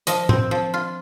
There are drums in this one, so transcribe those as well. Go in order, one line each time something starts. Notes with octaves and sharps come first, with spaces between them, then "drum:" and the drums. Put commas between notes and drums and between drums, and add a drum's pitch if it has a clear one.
F3 D#5, drum: hi-hat
C4, drum: tom
F3
F4